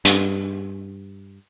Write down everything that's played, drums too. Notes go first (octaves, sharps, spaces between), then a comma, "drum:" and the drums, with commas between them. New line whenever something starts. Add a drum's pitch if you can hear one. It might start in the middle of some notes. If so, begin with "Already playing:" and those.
G2, drum: hi-hat